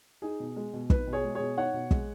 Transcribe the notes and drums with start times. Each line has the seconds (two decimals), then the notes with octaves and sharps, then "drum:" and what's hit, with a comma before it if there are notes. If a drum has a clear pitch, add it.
0.22 D#4 G#4
0.40 B2
0.56 G#3
0.73 B2
0.90 D#4 B4, drum: kick
1.07 B2
1.13 G#4 C#5
1.24 G#3
1.35 B2 G#4 C#5
1.57 D#4 C#5 F#5
1.74 B2
1.91 G#3, drum: kick